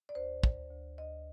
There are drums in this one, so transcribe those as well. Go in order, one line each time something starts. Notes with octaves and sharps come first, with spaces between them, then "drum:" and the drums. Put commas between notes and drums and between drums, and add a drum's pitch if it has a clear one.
D5
D2 C5
D2, drum: kick
D2
D2 D#5